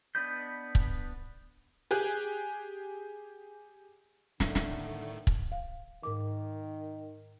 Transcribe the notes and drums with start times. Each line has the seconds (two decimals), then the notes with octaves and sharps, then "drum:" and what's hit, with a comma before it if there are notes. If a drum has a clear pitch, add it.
0.15 B3 D4 B4 D#5 G6
0.75 drum: kick
1.91 G4 G#4 G#5 F#6
4.40 A2 D3 D#3 A3, drum: snare
4.55 drum: snare
5.27 drum: kick
5.52 F5
6.03 G#2 D#3 A#4 D6